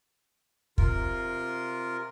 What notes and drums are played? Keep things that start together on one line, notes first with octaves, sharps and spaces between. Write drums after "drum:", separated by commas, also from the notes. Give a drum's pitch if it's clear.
C3 F4 A#4, drum: kick